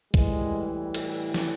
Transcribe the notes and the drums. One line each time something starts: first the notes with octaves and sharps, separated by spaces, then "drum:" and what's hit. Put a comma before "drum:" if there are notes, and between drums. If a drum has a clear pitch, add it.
A2 E3 G3 G#3, drum: kick
drum: cymbal
drum: snare